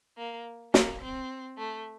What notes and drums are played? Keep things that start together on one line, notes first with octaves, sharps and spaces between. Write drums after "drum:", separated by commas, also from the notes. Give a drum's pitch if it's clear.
A#3
A#3, drum: snare
C4
A3